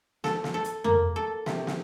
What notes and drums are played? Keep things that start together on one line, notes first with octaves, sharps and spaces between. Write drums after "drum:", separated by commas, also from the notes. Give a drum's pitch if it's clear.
A4, drum: snare
drum: snare
A4
drum: hi-hat
A#3, drum: tom F2
A4
C3, drum: snare
drum: snare